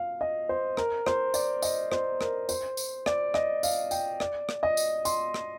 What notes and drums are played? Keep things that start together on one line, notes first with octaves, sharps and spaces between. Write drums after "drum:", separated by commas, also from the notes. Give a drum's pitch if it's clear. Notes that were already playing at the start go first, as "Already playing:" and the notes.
Already playing: F5
D#5
C5
A#4, drum: rim click
C5, drum: rim click
D5, drum: tambourine
D#5, drum: tambourine
C5, drum: rim click
A#4, drum: rim click
C5, drum: tambourine
drum: tambourine
D5, drum: rim click
D#5, drum: rim click
F5, drum: tambourine
G5, drum: tambourine
D5, drum: rim click
drum: rim click
D#5
drum: tambourine
C6, drum: tambourine
drum: rim click